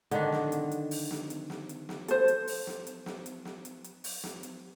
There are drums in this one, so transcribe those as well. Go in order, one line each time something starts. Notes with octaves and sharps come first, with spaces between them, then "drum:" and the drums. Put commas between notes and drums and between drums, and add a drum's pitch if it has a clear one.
D3 D#3 D4, drum: hi-hat
drum: snare
drum: hi-hat
drum: hi-hat
drum: open hi-hat
drum: snare
drum: hi-hat
drum: snare
drum: hi-hat
drum: snare
A4 C5, drum: hi-hat
drum: hi-hat
drum: open hi-hat
drum: snare
drum: hi-hat
drum: snare
drum: hi-hat
drum: snare
drum: hi-hat
drum: hi-hat
drum: open hi-hat
drum: snare
drum: hi-hat